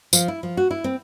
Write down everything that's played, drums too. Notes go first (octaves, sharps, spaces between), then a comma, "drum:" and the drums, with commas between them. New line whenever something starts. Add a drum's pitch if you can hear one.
F3, drum: tambourine
E4
F3
F#4
E4
C4